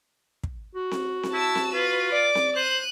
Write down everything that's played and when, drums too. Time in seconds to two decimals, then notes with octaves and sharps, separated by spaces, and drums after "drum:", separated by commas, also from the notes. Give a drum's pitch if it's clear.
0.44 drum: kick
0.75 F#4
0.91 drum: snare C4
1.23 drum: snare C4
1.33 E4 A5 E6
1.55 drum: snare C4
1.74 F4 B4
2.12 D5 D6
2.35 drum: snare C4
2.56 C5 F#6 D#7